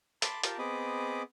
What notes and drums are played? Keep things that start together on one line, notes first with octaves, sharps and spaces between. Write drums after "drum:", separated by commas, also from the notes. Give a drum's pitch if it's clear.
A5 B5 C6 D6, drum: hi-hat
F4 G4 A#4 A5, drum: hi-hat
B3 C4 G#4 D#5 B5 D6